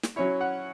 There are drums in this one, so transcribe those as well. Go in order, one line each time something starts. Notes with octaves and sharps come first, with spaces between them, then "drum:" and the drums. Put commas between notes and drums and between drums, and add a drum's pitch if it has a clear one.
drum: snare
F#3 C#4 E4 C#5
F#5